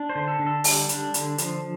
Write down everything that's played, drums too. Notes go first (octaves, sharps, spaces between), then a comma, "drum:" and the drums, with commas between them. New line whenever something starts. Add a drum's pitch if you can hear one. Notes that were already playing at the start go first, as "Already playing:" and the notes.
Already playing: D4
C5
D3
A4
D3
A4
G3, drum: open hi-hat
D4, drum: hi-hat
D3, drum: hi-hat
F3, drum: hi-hat